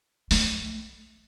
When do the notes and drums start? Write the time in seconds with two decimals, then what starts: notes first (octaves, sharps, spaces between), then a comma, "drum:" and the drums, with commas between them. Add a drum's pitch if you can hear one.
0.31 A3, drum: open hi-hat